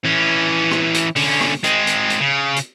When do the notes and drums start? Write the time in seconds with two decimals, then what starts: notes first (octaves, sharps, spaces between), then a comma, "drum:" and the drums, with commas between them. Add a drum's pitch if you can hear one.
0.05 E3 C#4
0.71 drum: rim click
0.94 drum: hi-hat
1.16 D3 C#4, drum: open hi-hat
1.41 drum: rim click
1.64 G#3 C4, drum: hi-hat
1.87 drum: hi-hat
2.10 drum: hi-hat
2.21 C#3
2.56 drum: hi-hat